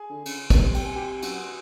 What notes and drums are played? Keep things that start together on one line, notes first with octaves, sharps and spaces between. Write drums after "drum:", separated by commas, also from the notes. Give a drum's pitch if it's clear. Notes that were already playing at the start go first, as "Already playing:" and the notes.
Already playing: G#4 G#5
D3
C#3, drum: cymbal
C3, drum: kick, cymbal
G5, drum: cymbal
G#5
G4 G5
F#2 F#4 F#5, drum: cymbal